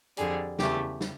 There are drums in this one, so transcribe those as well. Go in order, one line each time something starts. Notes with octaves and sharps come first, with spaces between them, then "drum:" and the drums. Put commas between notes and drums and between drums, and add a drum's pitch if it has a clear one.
F2 D3 G3 G#4, drum: hi-hat
E2 C#3 E3 A3 G4, drum: snare
drum: snare